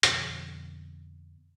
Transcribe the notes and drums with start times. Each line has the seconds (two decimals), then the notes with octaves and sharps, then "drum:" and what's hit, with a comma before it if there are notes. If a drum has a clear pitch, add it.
0.03 F2 B2 D3, drum: hi-hat